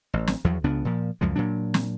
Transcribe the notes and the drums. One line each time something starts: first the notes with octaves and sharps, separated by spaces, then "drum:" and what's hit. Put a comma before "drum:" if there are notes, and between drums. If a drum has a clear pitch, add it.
A1
drum: snare
E2 F3 F#3
C#2 C#3 B3 D4
A#2 F3
C#2 F#2 F3 G#3
A#2 F#3 D4
drum: snare